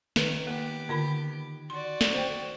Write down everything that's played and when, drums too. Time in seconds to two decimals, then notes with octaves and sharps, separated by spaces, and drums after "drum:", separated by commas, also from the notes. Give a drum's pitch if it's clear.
0.16 D#3 B4, drum: snare
0.47 A#3 B3 G4 F#6
0.89 D3 F4 B5
1.70 F#4 D5 C6
2.01 drum: snare
2.14 C5 G5